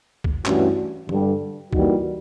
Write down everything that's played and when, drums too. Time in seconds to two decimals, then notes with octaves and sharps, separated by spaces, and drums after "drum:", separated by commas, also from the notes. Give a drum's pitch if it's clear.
0.24 drum: kick
0.46 G2 E3 A3 C#4 F#4, drum: clap
1.09 G2 D3 G3, drum: tom
1.73 E3 G3 A#3 D#4 F#4, drum: kick